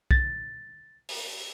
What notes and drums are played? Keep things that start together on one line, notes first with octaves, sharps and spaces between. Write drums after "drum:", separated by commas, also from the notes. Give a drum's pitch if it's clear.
A6, drum: kick
drum: open hi-hat